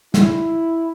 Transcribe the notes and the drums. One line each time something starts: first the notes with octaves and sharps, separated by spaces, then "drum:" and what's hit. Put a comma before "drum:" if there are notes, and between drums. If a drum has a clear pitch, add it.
E4, drum: snare